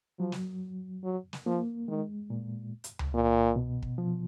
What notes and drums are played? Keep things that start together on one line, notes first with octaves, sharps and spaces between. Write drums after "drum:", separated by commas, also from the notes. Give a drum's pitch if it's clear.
F3 F#3
drum: snare
F#3
drum: snare
F3 A#3
D#3 G#3
A#2
drum: hi-hat
drum: tom C#2
A#2
B2
drum: kick
F3